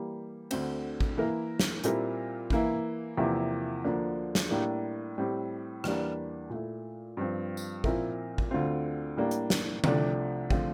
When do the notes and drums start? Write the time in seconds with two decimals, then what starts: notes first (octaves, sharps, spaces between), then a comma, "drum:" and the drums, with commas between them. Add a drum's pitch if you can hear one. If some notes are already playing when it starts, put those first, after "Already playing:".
Already playing: E3 G3 A#3
0.51 D2 D3 A3 C4, drum: cymbal
1.01 drum: kick
1.17 E3 A#3 E4 A#4
1.60 drum: snare
1.84 A#2 G3 C4 E4 A#4, drum: hi-hat
2.50 E3 A#3 E4, drum: kick
3.17 E2 C3 F3 A#3 E4
3.84 D2 D3 F3 A#3 D4
4.35 drum: snare
4.50 A2 G3 A#3 D4
5.18 A2 G3 C4 G4
5.84 E2 E3 G3 A#3 D4, drum: rim click
6.50 A#2 A3 E4
7.17 G2 F3 C4
7.57 drum: tambourine
7.84 A#2 F3 C4 E4 A#4, drum: kick
8.38 drum: kick
8.51 D2 D3 A3 C4 F4
9.17 A2 G3 A#3 D4
9.31 drum: hi-hat
9.50 drum: snare
9.84 C2 C3 F3 A3 D4, drum: tom D3
10.50 D3 F3 A3 C4 F4, drum: kick